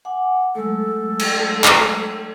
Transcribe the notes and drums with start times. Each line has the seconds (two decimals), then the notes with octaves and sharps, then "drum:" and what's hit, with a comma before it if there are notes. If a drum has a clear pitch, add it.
0.05 F#5 G#5 D6
0.55 F#3 G#3 A3 A4
1.20 drum: cymbal
1.64 drum: clap